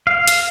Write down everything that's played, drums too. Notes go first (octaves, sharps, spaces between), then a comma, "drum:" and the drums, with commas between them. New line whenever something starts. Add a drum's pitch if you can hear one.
F5
drum: hi-hat